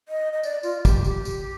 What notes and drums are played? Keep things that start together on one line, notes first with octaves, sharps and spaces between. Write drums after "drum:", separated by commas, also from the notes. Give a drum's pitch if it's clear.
D#5
D#5
D5, drum: tambourine
F4, drum: tambourine
G4, drum: kick, tambourine
G4, drum: tambourine
drum: tambourine